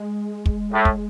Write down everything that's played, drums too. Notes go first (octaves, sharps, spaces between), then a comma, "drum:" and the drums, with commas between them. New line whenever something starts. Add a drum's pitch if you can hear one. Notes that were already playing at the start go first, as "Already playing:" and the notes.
Already playing: G#3
drum: kick
A2
drum: kick